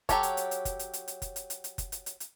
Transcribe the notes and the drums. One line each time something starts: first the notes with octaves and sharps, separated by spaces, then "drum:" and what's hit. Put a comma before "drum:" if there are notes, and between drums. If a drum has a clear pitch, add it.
F#3 G4 A4 C#5, drum: kick F#1, hi-hat
drum: hi-hat
drum: hi-hat
drum: hi-hat
drum: kick F#1, hi-hat
drum: hi-hat
drum: hi-hat
drum: hi-hat
drum: kick F#1, hi-hat
drum: hi-hat
drum: hi-hat
drum: hi-hat
drum: kick F#1, hi-hat
drum: hi-hat
drum: hi-hat
drum: hi-hat